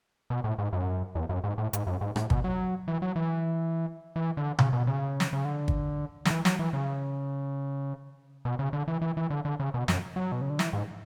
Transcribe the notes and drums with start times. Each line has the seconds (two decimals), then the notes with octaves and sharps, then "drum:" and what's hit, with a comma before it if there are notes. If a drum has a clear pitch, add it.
0.30 B2
0.44 A2
0.58 G#2
0.73 F#2
1.15 E2
1.29 F#2
1.44 G#2
1.58 A2
1.73 G#2, drum: hi-hat
1.87 F#2
2.01 G#2
2.16 A2, drum: rim click
2.30 B2, drum: kick G1
2.44 F#3
2.88 E3
3.02 F#3
3.16 E3
4.16 E3
4.37 D3
4.59 C#3, drum: tom B2
4.73 B2
4.87 C#3
5.20 drum: snare
5.33 C#3
5.45 D3
5.68 drum: kick G1
6.25 D3, drum: snare
6.31 E3
6.45 F#3, drum: snare
6.59 E3
6.73 C#3
8.45 B2
8.59 C#3
8.73 D3
8.88 E3
9.02 E3
9.17 E3
9.30 D3
9.45 D3
9.60 C#3
9.74 B2
9.88 F#2, drum: snare
10.16 F#3
10.32 B2
10.41 C#3
10.50 D3
10.59 E3, drum: snare
10.73 G#2